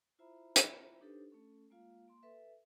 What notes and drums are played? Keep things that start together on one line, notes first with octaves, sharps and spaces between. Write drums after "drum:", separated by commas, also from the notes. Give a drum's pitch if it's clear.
E4 F4 C5 E5 A#5 B5
drum: hi-hat
D4 D#4 G4 A4 B4 C5
A3 C#4 A4
G#3 A#3 F4 F5
A#3 C6
A4 B4 E5